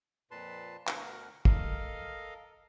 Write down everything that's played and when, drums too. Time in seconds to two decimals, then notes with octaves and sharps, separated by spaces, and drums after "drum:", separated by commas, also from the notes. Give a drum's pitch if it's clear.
0.31 F2 A#2 B4 A5 C6
0.87 D2 B2 A#4 F#5, drum: clap
1.45 A4 A#4 D#5 F5, drum: kick